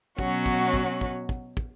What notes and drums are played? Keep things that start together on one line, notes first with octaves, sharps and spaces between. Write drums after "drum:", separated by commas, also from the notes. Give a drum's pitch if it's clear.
B2 F#3 C#4 F#4, drum: kick
drum: kick
drum: kick
drum: kick
drum: kick
drum: kick